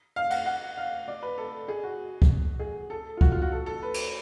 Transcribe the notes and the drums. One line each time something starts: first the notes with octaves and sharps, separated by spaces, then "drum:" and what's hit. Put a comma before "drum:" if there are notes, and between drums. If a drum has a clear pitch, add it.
F5
F#5, drum: cymbal
F#5
F5
D5
B4
A4
G#4
F#4
drum: kick C#2
G#4
A4
F4
F#4, drum: kick C#2
F4
F#4
A4
A4
B4
drum: cymbal